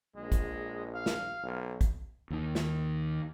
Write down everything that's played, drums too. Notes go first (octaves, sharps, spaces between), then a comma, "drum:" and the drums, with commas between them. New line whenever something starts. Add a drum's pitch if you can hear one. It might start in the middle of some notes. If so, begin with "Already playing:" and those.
A#1 G#3
drum: kick, hi-hat
F5
drum: snare
B1
drum: kick, hi-hat
D#2 D#3
drum: snare